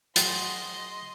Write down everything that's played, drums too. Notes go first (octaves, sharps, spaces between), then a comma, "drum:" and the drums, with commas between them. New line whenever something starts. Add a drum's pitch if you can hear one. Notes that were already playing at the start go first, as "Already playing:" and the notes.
F#3 G#4 D#5 F#5 C6, drum: hi-hat